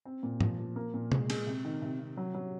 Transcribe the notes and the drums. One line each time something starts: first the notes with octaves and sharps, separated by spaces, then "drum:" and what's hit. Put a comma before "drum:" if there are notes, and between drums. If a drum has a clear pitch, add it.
C4
A#2
F3, drum: tom G#2
F3
A#3
A#2
G#3, drum: tom C3
G#3, drum: cymbal
C3
D#3
C3
C3
F#3
F#3